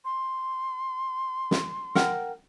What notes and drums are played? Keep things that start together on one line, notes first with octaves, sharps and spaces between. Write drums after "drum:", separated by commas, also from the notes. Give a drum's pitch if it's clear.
C6
drum: snare
A#4 F#5 G5, drum: snare